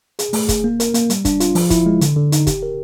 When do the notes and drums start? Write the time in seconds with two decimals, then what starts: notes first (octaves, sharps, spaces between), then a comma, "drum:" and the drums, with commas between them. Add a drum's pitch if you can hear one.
0.19 G#4, drum: hi-hat
0.33 A3, drum: open hi-hat
0.49 G#4, drum: kick, hi-hat
0.64 A#3
0.80 A#4, drum: hi-hat
0.94 A#3, drum: hi-hat
1.10 G3, drum: hi-hat
1.25 D4, drum: kick, hi-hat
1.40 F4, drum: hi-hat
1.55 F3, drum: open hi-hat
1.70 E4, drum: kick, hi-hat
1.86 G#3
2.01 D3, drum: hi-hat
2.17 D3
2.32 D#4, drum: hi-hat
2.47 G4, drum: kick, hi-hat
2.63 A#4